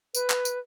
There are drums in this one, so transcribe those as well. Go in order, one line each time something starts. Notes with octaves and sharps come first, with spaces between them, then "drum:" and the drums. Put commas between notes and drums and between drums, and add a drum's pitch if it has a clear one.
B4, drum: tambourine
drum: clap
drum: tambourine